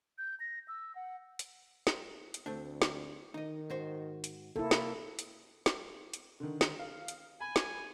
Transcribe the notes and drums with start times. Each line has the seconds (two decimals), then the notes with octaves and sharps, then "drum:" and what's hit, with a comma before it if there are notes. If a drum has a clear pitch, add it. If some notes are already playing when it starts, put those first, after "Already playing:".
0.18 G6
0.40 A#6
0.68 E6
0.95 F#5
1.39 drum: hi-hat
1.87 drum: snare
2.34 drum: hi-hat
2.46 D2 A3 C4 D4
2.82 drum: snare
3.34 D#3 D#4 D#5
3.70 G#2 F#4 C5
4.24 drum: hi-hat
4.56 C3 A#3 E4 A4
4.71 drum: snare
5.19 drum: hi-hat
5.66 drum: snare
6.13 drum: hi-hat
6.40 D3 D#3
6.61 drum: snare
6.79 F5
7.08 drum: hi-hat
7.41 G#5 B5
7.56 drum: snare